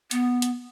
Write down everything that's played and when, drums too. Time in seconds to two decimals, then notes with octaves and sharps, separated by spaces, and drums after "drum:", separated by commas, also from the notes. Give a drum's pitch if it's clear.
0.11 B3, drum: hi-hat
0.42 drum: hi-hat